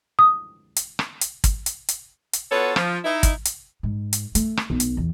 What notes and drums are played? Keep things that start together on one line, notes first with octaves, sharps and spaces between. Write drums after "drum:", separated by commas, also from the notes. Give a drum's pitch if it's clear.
D#6
drum: hi-hat
drum: rim click
drum: hi-hat
drum: kick, hi-hat
drum: hi-hat
drum: hi-hat
drum: hi-hat
B3 F4 F#4 A4 B4 C#5
F3, drum: rim click
D#4 E4
drum: kick, hi-hat
drum: hi-hat
G#2
drum: hi-hat
A3, drum: hi-hat
drum: rim click
B1
drum: hi-hat
E2